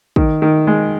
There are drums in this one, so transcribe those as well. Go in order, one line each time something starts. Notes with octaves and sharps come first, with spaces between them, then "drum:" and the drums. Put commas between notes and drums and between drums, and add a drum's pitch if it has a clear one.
D#3, drum: kick
D#3
G#3